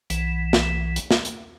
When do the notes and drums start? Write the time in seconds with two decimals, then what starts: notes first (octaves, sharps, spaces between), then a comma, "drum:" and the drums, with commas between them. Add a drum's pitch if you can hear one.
0.10 B1 E3, drum: hi-hat
0.53 drum: snare
0.96 drum: hi-hat
1.11 drum: snare
1.25 drum: hi-hat